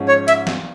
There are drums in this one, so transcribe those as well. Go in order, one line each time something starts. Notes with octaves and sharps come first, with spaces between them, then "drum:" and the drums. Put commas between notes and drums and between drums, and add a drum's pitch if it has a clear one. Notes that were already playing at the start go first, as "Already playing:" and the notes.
Already playing: G#2 F3 G#3 C#4
C#5
E5, drum: hi-hat
drum: snare